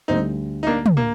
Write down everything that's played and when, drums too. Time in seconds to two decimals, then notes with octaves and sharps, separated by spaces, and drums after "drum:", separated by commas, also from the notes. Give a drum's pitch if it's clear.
0.08 D2 D3 G3 C4 D#4
0.63 D#4
0.67 A#3 D4
0.86 drum: tom
0.97 A#3